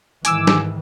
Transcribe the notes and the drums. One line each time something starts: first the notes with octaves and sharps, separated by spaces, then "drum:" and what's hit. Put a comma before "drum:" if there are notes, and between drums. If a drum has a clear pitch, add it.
G#2 D#3 E3 G#5 D6 E6, drum: hi-hat
drum: snare